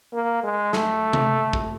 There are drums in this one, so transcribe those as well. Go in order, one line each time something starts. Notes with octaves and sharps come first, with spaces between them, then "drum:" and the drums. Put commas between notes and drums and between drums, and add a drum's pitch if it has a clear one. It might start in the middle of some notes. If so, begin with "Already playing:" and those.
A#3
G#3
A3, drum: snare
drum: tom C3
drum: kick